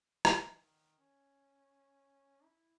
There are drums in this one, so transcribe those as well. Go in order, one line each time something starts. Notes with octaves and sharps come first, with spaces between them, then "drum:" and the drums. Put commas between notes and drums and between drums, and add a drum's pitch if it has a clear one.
E3, drum: rim click
D#3
C#4
E4